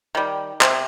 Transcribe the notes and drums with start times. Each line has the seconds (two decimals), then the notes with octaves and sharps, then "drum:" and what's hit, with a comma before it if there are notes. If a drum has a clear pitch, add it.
0.15 D#3 G3
0.61 C3, drum: clap